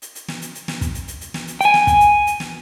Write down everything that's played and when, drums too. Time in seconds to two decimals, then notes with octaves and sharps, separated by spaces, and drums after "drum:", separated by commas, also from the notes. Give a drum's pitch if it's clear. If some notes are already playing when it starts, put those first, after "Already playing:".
0.02 drum: hi-hat
0.15 drum: hi-hat
0.28 drum: snare
0.42 drum: hi-hat
0.55 drum: hi-hat
0.68 drum: snare
0.81 drum: kick, hi-hat
0.94 drum: hi-hat
1.08 drum: hi-hat
1.21 drum: hi-hat
1.34 drum: snare
1.47 drum: hi-hat
1.61 G5 G#5, drum: hi-hat
1.74 drum: snare
1.87 drum: kick, hi-hat
2.00 drum: hi-hat
2.27 drum: hi-hat
2.40 drum: snare